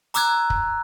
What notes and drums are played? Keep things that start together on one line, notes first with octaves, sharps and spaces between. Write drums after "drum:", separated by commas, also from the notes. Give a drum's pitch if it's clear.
A#5 D6 E6 F#6 G#6, drum: hi-hat
drum: kick